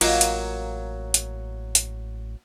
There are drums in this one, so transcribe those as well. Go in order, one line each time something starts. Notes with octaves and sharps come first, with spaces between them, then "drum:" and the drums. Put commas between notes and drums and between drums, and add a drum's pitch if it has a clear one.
A1 F#3 A#3 F4 D#5, drum: cymbal
drum: hi-hat
drum: hi-hat
drum: hi-hat